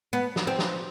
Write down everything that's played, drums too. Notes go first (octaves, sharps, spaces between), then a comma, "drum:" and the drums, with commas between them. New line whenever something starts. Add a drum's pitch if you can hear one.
B3
drum: snare
C4
drum: snare